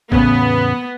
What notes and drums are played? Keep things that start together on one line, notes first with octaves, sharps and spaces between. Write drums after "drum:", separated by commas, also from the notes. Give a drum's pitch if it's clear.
E2 A2 C#3 B3, drum: kick A1